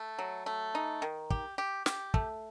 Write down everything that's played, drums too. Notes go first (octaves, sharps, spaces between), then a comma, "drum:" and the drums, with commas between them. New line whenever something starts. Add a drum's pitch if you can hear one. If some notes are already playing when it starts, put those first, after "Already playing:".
Already playing: A3
F#3
A3
D#4
D#3
G4, drum: kick
G4
G4, drum: snare
A3, drum: kick